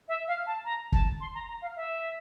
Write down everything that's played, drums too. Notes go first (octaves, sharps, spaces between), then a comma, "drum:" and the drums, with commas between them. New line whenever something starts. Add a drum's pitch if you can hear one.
E5
F5
A5
A#5
A5, drum: kick
C6
A#5
A#5
F5
E5